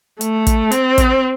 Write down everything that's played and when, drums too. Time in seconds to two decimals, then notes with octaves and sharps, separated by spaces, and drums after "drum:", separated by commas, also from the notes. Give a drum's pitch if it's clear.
0.21 A3, drum: hi-hat
0.47 drum: kick, hi-hat
0.72 C4, drum: hi-hat
0.98 drum: kick, hi-hat